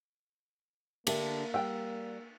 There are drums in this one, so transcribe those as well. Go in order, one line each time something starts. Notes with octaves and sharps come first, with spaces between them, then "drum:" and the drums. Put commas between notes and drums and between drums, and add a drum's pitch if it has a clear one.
D3 A#3 D4 G4 A#4 E5, drum: cymbal
G3 F#5 G5 E6